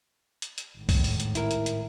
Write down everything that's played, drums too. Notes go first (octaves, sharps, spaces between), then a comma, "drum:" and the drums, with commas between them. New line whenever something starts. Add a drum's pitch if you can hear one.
drum: hi-hat
drum: hi-hat
G#1 A2
drum: kick C2, open hi-hat
drum: open hi-hat
drum: hi-hat
E4 A#4, drum: hi-hat
drum: hi-hat
drum: hi-hat